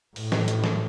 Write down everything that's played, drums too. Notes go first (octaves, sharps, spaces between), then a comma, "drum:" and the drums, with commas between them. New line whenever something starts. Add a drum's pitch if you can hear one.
A2, drum: open hi-hat
drum: snare
drum: hi-hat
drum: snare